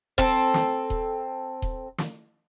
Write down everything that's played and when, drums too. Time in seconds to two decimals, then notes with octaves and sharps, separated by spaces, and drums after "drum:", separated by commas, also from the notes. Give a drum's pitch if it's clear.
0.18 C4 A4, drum: kick D#1
0.54 drum: snare
0.90 drum: kick D#1
1.62 drum: kick D#1
1.98 drum: snare